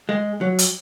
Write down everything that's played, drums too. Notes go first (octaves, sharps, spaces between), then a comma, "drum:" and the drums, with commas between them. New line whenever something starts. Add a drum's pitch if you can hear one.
G#3
F#3
drum: hi-hat